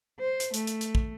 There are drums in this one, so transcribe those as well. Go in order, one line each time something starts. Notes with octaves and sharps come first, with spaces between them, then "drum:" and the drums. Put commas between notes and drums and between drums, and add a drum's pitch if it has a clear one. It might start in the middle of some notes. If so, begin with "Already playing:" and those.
C5
drum: hi-hat
A3, drum: hi-hat
drum: hi-hat
drum: hi-hat
drum: kick